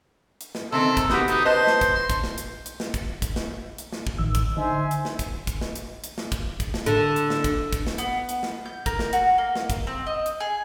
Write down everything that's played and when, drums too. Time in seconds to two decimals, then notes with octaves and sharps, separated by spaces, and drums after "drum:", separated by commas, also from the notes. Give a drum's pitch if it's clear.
0.41 drum: hi-hat
0.55 drum: snare
0.72 C3 D#3 C4 A4
0.97 drum: kick, hi-hat
1.10 B3 D#4 F#4 G4, drum: snare
1.28 D#4, drum: hi-hat
1.45 B4 C5 D#5 A5
1.67 drum: snare
1.81 drum: kick, hi-hat
1.95 C6
2.10 drum: kick, hi-hat
2.24 drum: snare
2.38 drum: hi-hat
2.66 drum: hi-hat
2.80 drum: snare
2.94 drum: kick, hi-hat
3.22 drum: kick, hi-hat
3.36 drum: snare
3.78 drum: hi-hat
3.93 drum: snare
4.07 drum: kick
4.18 A1 D#3 E6
4.35 drum: kick, hi-hat
4.57 D3 D#4 C5 E5 G#5
4.91 drum: hi-hat
5.05 drum: snare
5.19 drum: kick, hi-hat
5.47 drum: kick, hi-hat
5.61 drum: snare
5.75 drum: hi-hat
6.04 drum: hi-hat
6.18 drum: snare
6.32 drum: kick, hi-hat
6.60 drum: kick, hi-hat
6.74 drum: snare
6.86 D3, drum: hi-hat
7.16 drum: hi-hat
7.30 drum: snare
7.44 drum: kick, hi-hat
7.73 drum: kick, hi-hat
7.87 drum: snare
7.98 B3, drum: hi-hat
8.29 drum: hi-hat
8.43 drum: snare
8.66 G6
8.86 A#4, drum: kick, hi-hat
8.99 drum: snare
9.13 F#4, drum: hi-hat
9.38 A#3
9.56 drum: snare
9.70 drum: kick, hi-hat
9.87 C4
10.07 D#5
10.26 drum: hi-hat
10.40 G#4